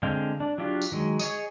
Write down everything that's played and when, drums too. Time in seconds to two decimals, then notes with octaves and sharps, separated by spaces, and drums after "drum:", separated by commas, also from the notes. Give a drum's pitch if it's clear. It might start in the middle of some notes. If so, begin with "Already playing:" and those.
0.03 D3 G#3 C4 F5 G5
0.40 D4
0.58 F#3 D4 F4 G4
0.82 drum: tambourine
0.92 D#3 F#3 G#3
1.19 G#4 C#5 D#5, drum: tambourine